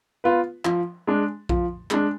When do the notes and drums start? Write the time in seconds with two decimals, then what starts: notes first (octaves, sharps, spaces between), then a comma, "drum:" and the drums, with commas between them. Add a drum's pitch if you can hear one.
0.24 B3 F4 B4
0.65 F3, drum: clap
1.07 G#3 D4
1.49 F3, drum: kick A#1
1.91 G#3 D4, drum: clap